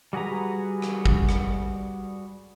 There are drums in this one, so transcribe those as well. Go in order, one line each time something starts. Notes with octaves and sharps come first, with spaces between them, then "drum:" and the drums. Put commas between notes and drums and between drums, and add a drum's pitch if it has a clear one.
G3 F#4 G#4 B4 A#5
drum: rim click
drum: kick G#1
drum: rim click